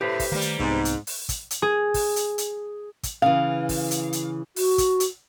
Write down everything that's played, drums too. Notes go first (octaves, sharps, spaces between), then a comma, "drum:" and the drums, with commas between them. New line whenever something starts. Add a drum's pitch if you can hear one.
A2 G4 B4 C5
drum: kick, open hi-hat
D#3 G3 A3 A#3
drum: hi-hat
C2 G#2 B3 C4
drum: hi-hat
drum: open hi-hat
drum: kick, hi-hat
drum: hi-hat
G#4
drum: kick, open hi-hat
drum: hi-hat
drum: hi-hat
drum: kick, hi-hat
C#3 E3 F5
drum: kick, open hi-hat
drum: hi-hat
drum: hi-hat
F#4, drum: open hi-hat
drum: kick, hi-hat
drum: hi-hat